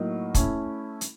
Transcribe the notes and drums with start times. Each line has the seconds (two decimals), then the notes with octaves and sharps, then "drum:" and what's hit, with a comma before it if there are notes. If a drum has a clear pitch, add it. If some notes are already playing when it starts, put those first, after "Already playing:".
Already playing: A2 F#3 A#3 D#4
0.35 A3 C#4 E4, drum: kick, hi-hat
1.01 drum: hi-hat